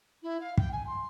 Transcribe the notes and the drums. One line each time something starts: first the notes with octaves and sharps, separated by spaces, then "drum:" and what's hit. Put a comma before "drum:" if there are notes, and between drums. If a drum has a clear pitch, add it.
E4
F5
G5, drum: kick
G#5
C6